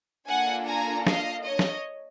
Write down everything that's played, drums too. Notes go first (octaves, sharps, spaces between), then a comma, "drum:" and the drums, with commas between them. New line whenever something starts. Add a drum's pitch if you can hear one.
A#3 D4 F4 A4 F#5 G#5
G#5 A#5
D#5 F5, drum: snare
C#5 D#5
drum: snare